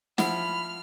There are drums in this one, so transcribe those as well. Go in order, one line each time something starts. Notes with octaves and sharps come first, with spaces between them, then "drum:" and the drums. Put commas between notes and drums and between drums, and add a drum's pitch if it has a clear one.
F3 E4 F#5 B5 F6, drum: snare